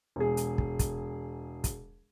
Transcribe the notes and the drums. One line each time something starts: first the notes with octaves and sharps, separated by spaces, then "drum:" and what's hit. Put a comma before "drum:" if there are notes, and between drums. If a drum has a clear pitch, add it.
E1 G#4
drum: hi-hat
drum: kick
drum: kick, hi-hat
drum: kick, hi-hat